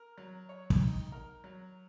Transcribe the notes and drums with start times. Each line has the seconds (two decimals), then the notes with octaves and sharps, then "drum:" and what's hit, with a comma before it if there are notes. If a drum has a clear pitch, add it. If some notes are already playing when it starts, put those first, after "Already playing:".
Already playing: A#4
0.18 F#3
0.49 C#5
0.70 drum: kick
0.80 D#4
1.12 A#4
1.44 F#3